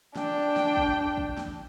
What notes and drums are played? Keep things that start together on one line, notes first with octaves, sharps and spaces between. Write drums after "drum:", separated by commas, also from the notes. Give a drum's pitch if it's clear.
D4 G5, drum: snare
drum: snare
drum: kick
drum: kick
drum: snare